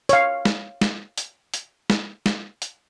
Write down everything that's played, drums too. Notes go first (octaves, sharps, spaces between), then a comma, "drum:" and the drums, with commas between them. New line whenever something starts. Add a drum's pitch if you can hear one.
C#5 F5, drum: hi-hat
drum: snare
drum: snare
drum: hi-hat
drum: hi-hat
drum: snare
drum: snare
drum: hi-hat